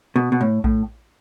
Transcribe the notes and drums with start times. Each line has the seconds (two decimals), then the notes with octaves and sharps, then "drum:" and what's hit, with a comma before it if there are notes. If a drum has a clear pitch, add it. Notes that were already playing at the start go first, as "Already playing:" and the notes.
0.16 B2
0.32 B2
0.41 A2
0.64 A2, drum: kick A#1